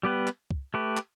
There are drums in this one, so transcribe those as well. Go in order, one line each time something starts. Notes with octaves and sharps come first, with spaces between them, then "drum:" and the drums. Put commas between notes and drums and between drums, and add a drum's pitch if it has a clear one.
G3 B3 G4 B4
drum: clap
drum: kick
A3 G4 B4
drum: clap